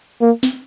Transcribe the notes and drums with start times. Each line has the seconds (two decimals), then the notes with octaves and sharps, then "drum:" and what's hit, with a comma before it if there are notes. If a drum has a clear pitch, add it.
0.21 A#3
0.43 drum: snare